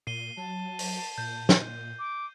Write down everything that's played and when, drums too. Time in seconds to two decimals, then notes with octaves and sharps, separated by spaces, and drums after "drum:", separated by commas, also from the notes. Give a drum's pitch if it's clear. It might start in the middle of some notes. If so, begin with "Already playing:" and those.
0.07 A#2 C7 D#7 G7
0.37 F#3 A5
0.79 drum: open hi-hat
1.18 A#2 G6
1.49 drum: snare
1.99 D6